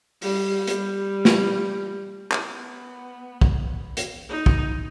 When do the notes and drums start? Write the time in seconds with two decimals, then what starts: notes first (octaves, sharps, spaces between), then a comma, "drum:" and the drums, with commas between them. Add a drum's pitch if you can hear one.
0.22 G3, drum: open hi-hat
0.67 G3, drum: hi-hat
1.25 drum: snare
2.31 drum: clap
2.48 B3
3.41 drum: kick
3.97 drum: hi-hat
4.29 D#4
4.46 drum: kick